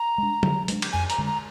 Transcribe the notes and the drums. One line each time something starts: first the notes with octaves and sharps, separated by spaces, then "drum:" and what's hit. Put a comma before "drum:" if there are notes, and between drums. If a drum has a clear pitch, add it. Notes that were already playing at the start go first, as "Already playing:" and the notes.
Already playing: A#5
G#3 D4
D3, drum: tom F#3
G#3 D4, drum: hi-hat
drum: cymbal
F2 G#5
A#5, drum: hi-hat
D3 G#3
A#5